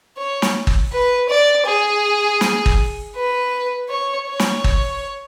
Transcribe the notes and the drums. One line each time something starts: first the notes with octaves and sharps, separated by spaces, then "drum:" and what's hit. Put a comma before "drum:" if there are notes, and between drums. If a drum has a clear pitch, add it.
C#5
drum: snare
drum: kick G1
B4
D5
G#4
drum: snare
drum: kick G1
B4
C#5
C#5
drum: snare
drum: kick G1